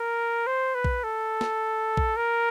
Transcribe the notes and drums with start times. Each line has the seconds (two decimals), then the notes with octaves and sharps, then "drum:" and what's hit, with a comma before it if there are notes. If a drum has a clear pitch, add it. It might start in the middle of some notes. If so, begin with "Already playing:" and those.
Already playing: A#4
0.47 C5
0.75 B4
0.84 drum: kick A#1
1.03 A4
1.41 drum: snare
1.97 drum: kick A#1
2.16 A#4